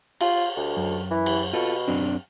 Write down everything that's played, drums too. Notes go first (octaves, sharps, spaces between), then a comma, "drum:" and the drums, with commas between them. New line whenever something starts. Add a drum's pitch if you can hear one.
F4, drum: cymbal
D2
F#2
E3
drum: cymbal
B2 F4 A4
F#2 C4 D4